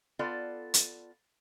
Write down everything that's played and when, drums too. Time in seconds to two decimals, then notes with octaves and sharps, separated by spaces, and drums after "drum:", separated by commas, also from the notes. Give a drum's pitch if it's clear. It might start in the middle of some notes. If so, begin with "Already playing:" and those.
0.19 B3 F4 A4 D5
0.74 drum: hi-hat